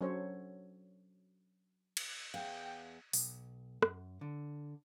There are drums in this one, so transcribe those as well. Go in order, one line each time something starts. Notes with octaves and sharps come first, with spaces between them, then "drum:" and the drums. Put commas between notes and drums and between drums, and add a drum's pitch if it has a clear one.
F#3 C#4 D4 A4 C5 C#5
drum: cymbal
E2 F5 G5
B1, drum: open hi-hat
F#2, drum: rim click
D3